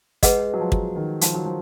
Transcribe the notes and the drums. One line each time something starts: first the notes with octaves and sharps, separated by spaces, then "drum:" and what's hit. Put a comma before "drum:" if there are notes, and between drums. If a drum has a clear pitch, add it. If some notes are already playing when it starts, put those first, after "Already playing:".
G#3 G#4 B4 D#5 F#5, drum: kick, hi-hat
F#3
F3
drum: kick
D#3
F3, drum: hi-hat
F#3
F3